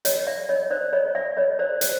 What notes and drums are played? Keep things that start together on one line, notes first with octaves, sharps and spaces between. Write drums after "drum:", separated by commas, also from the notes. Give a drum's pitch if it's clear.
C#5 D#5, drum: hi-hat
D5 E5
C#5 D#5
C5 D5
C#5 D#5
D5 E5
C#5 D#5
C5 D5
C5, drum: hi-hat